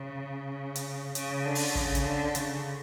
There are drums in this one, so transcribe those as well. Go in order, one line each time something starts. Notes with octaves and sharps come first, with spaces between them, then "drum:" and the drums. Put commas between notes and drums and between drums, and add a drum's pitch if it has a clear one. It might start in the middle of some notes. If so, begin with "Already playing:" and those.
Already playing: C#3
drum: hi-hat
C#3, drum: hi-hat
D3
drum: open hi-hat
C#3, drum: kick
drum: hi-hat
D3
C#3, drum: hi-hat